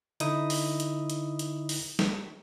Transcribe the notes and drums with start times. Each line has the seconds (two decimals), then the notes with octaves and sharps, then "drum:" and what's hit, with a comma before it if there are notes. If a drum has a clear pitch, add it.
0.20 D3 D#4 E4 D#6, drum: hi-hat
0.50 drum: open hi-hat
0.80 drum: hi-hat
1.10 drum: hi-hat
1.39 drum: hi-hat
1.69 drum: open hi-hat
1.99 drum: snare